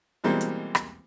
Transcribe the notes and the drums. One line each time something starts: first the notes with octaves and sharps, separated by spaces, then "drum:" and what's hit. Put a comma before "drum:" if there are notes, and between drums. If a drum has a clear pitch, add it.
B2 E3 G3 G#3 A#3 C4
drum: hi-hat
drum: rim click